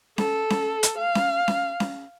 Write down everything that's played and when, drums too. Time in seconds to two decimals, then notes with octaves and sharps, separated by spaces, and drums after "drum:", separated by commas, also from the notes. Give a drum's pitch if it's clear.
0.18 A4, drum: snare C#4
0.50 drum: snare C#4
0.83 drum: hi-hat
0.98 F5
1.15 drum: snare C#4
1.48 drum: snare C#4
1.80 drum: snare C#4